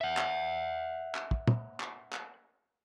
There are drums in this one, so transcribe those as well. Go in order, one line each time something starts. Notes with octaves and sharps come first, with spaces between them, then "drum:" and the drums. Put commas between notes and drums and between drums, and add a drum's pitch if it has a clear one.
E5 F#5
drum: clap
drum: clap
drum: kick
drum: tom
drum: clap
drum: clap